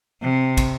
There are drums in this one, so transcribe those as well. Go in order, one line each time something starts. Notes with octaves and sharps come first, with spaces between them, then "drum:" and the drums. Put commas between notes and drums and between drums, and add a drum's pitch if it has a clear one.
C3
drum: kick, cymbal